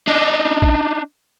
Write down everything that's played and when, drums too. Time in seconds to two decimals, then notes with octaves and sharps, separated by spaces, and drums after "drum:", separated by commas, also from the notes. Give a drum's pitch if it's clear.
0.08 D4 D#4
0.62 drum: kick